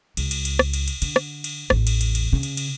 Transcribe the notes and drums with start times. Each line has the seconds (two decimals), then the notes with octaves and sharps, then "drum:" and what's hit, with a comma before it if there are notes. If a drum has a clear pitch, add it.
0.17 C#2, drum: cymbal
0.31 drum: cymbal
0.45 drum: cymbal
0.59 drum: rim click
0.73 drum: cymbal
0.88 drum: cymbal
1.02 D3, drum: cymbal
1.16 drum: rim click
1.44 drum: cymbal
1.70 A1 E2, drum: rim click
1.87 drum: cymbal
2.01 drum: cymbal
2.15 drum: cymbal
2.33 C#3
2.43 drum: cymbal
2.57 drum: cymbal